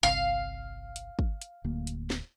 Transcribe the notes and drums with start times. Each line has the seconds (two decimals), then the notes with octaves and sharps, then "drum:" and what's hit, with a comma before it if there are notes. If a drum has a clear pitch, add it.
0.03 G1 C2 C3 F5
0.96 drum: hi-hat
1.19 drum: kick
1.42 drum: hi-hat
1.64 D1 D2 A#3
1.87 drum: hi-hat
2.10 drum: snare